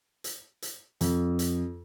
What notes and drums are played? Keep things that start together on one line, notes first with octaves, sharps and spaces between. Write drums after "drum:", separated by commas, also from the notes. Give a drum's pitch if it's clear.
drum: hi-hat
drum: hi-hat
F2, drum: hi-hat
drum: hi-hat